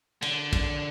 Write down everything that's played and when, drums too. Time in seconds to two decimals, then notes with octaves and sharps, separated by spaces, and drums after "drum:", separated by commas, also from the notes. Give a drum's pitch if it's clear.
0.22 D3, drum: cymbal
0.53 drum: kick, cymbal